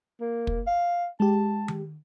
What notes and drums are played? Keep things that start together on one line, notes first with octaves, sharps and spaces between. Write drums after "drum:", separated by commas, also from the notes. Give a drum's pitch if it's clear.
A#3
drum: kick
F5
G#3 G4 A5
drum: tom D#3